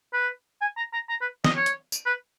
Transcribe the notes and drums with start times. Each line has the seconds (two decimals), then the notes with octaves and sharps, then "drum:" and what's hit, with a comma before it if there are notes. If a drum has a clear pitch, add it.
0.13 B4
0.61 G#5
0.77 A#5
0.93 A#5
1.09 A#5
1.21 B4
1.44 D#5, drum: snare
1.57 C#5
1.66 drum: hi-hat
1.92 drum: tambourine
2.06 B4